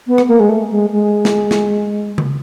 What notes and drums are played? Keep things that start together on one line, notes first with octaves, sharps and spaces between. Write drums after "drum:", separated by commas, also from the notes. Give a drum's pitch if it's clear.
B3
drum: rim click
A#3
G#3
A3
G#3
G#3
drum: snare
drum: snare
drum: tom C#3